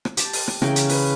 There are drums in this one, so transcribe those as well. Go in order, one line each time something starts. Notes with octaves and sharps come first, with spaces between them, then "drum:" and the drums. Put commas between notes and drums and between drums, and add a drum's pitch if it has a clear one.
drum: rim click
G4 A5, drum: hi-hat
drum: open hi-hat
drum: rim click
C#3 E3 A#4 G5, drum: rim click
drum: hi-hat
B4, drum: open hi-hat